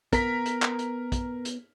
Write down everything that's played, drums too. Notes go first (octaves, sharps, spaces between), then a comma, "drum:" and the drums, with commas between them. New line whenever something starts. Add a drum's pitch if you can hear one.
B3 A#4 B6, drum: kick, hi-hat
drum: hi-hat
drum: clap
drum: hi-hat
drum: kick, hi-hat
drum: hi-hat